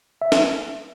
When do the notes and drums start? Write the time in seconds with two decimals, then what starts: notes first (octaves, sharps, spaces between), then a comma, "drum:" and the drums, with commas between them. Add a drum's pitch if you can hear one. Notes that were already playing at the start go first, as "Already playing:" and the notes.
0.22 E5
0.32 drum: snare